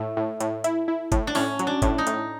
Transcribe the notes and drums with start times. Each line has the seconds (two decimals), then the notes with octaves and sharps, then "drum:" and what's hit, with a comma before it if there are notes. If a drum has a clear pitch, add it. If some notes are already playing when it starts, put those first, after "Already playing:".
Already playing: A2 A3
0.17 A2
0.40 A2, drum: hi-hat
0.64 E4, drum: hi-hat
0.88 E4
1.12 A2, drum: kick, hi-hat
1.27 D4
1.35 A2 C#4, drum: open hi-hat
1.59 F#3, drum: hi-hat
1.67 D4
1.82 A2, drum: kick, hi-hat
1.98 D#4
2.07 A2, drum: hi-hat